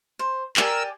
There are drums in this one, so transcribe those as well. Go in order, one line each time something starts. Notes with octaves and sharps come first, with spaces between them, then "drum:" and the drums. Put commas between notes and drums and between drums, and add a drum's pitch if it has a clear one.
C5
G4 A#4 D5 G#5 E6, drum: clap